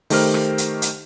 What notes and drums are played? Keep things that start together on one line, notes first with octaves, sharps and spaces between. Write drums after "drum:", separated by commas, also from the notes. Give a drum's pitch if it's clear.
D#3 A3 G4 A#4 C5 F6, drum: open hi-hat
drum: rim click
drum: hi-hat
drum: hi-hat